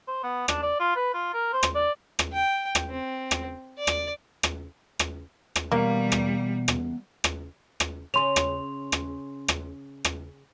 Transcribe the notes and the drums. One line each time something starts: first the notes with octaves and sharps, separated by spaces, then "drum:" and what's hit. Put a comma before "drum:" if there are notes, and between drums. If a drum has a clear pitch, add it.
C5
B3
D4, drum: rim click
D5
F4
B4
F4
A#4
C5
drum: rim click
D5
drum: rim click
G5
drum: rim click
C4
drum: rim click
D5
drum: rim click
drum: rim click
drum: rim click
drum: rim click
B2 E3 G3 A#3 B3 F5
drum: rim click
drum: rim click
drum: rim click
drum: rim click
C#3 C#4 C6 F7
drum: rim click
drum: rim click
drum: rim click
drum: rim click